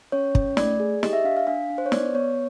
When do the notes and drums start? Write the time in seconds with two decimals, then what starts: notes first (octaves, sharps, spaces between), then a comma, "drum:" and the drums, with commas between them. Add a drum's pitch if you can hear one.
0.12 C#4 C#5
0.35 C#4, drum: kick
0.57 A3 D5, drum: snare
0.80 G#4
1.03 G4 D#5, drum: snare
1.13 E5
1.24 D4 F5
1.37 F5
1.47 D4 F5
1.70 D4
1.78 C5
1.86 C#5
1.92 B3 D5, drum: snare
2.15 B3 C#5